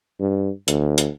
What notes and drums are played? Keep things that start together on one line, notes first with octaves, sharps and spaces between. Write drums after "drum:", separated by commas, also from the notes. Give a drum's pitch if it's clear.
G2
D2, drum: hi-hat
drum: hi-hat